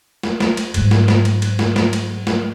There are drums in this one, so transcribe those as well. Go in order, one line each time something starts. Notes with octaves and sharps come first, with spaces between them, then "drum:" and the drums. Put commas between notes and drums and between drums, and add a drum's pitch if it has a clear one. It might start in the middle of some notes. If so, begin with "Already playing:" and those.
drum: snare
drum: snare
drum: cymbal
G#2 F#3, drum: cymbal
drum: snare
drum: snare
drum: cymbal
drum: cymbal
drum: snare
drum: snare
drum: cymbal
drum: snare